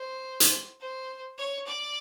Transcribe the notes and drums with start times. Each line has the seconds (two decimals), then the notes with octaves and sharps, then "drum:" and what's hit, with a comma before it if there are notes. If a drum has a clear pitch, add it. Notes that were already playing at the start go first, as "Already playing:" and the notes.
Already playing: C5
0.40 drum: hi-hat
0.80 C5
1.38 C#5
1.66 D5